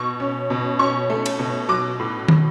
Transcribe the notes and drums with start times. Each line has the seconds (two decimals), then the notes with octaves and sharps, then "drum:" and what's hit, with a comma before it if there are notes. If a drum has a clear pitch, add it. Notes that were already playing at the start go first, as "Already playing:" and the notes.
Already playing: B2 C#6
0.20 C#4
0.50 B2
0.79 C#4 C#6
1.10 A3
1.26 drum: cymbal
1.39 B2
1.68 F#3 D6
2.00 A2
2.28 drum: tom